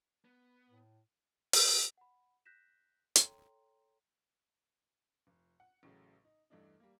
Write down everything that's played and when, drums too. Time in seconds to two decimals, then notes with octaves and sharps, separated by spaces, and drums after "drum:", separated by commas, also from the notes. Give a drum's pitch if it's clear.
0.25 B3
0.69 A2
1.53 drum: open hi-hat
1.98 F#5 B5
2.45 F#6 G6 A#6 B6 E7
3.16 A4 C#5 G5 A#5 C6, drum: hi-hat
5.27 F1
5.60 F#5
5.83 A1 A2 C#3 F#3
6.25 D#4
6.50 E2 G2 E3 A3 D4 D#4
6.80 G3 A#3